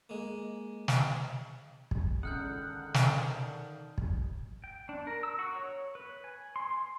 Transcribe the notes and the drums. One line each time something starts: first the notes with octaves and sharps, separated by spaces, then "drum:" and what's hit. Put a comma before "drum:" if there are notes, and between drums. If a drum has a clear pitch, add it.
G#3 A#3
drum: snare
drum: kick
C#2 D3 D#3 F#5 D#6 F6 G6
drum: snare
drum: kick
G5
D4
A#4
E6
F#4
C#5
B4
G#5
C6
C6